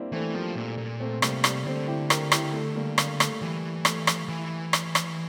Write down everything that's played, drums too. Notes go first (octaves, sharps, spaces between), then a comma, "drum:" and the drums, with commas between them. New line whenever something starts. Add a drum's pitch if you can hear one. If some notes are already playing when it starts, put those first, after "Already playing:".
Already playing: G3 A#3 C4 D4 E4
E3 A3 C4
F3 G3 A#3
A#2 A3
A#2
A3 C4
C3 G3 A#3, drum: rim click
G3, drum: rim click
D3 A3 C4
E4 G4
G4 A#4, drum: rim click
E4 G4, drum: rim click
A3
G3 A#3
G3 A#3, drum: rim click
A3, drum: rim click
E3 G3
A3, drum: rim click
drum: rim click
E3
drum: rim click
drum: rim click